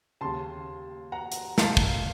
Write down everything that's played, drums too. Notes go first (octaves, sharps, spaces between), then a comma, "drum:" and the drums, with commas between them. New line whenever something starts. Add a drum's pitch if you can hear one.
D#2 C#3 A5 C6
F#5 A#5
drum: hi-hat
F5 A5, drum: snare
drum: kick